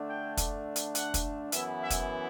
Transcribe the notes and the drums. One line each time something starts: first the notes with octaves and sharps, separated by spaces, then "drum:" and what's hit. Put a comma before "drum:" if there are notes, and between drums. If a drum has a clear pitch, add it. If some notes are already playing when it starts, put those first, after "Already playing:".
Already playing: D3 A3 D4
G5
drum: kick, hi-hat
drum: hi-hat
F#5, drum: hi-hat
drum: kick, hi-hat
F#2 E3 B3 E4 E5, drum: hi-hat
E5
drum: kick, hi-hat